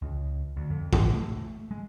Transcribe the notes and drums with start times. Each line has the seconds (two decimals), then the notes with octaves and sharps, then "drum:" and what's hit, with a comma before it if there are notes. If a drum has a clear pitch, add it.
0.02 C#2
0.57 D2
0.70 F2
0.93 A1, drum: kick
1.13 A3
1.71 G#3